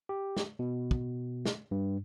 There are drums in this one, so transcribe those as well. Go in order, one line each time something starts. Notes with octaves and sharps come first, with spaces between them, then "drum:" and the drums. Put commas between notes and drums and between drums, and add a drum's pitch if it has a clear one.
G4
drum: snare
B2
drum: kick
drum: snare
G2